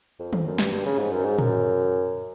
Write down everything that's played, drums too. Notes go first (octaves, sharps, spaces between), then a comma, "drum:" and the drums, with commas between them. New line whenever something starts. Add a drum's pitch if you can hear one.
F2
F2, drum: tom
F#2
G2, drum: snare
G2
C#3
G#2
F#2
G#2
F#2, drum: tom